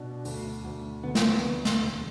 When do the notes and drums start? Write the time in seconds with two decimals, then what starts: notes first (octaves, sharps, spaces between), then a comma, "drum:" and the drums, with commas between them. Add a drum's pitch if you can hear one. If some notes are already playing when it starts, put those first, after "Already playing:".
Already playing: B2 D4
0.25 D2, drum: open hi-hat
0.64 D2
1.03 D3 B3
1.15 drum: snare
1.43 D3
1.65 drum: snare
1.82 E1